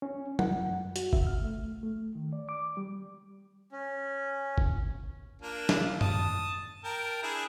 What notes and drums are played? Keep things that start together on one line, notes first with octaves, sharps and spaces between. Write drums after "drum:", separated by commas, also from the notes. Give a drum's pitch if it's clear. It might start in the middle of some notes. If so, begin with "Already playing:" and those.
C#4
F#5, drum: tom
F#2
F#4, drum: hi-hat
E5, drum: kick
F6
A3
A3
D#3
D5
D6
G3
C#4
drum: kick
A#3 D4 F4
drum: snare
A5 D#6, drum: tom F#2
A#4 G5 A5
D4 E4 G#4